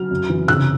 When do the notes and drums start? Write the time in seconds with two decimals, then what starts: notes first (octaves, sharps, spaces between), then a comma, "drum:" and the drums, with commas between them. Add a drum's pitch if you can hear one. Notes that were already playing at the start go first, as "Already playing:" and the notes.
Already playing: F#3 F6
0.11 F#2
0.30 E3
0.48 C#3 E6 F#6, drum: tom C3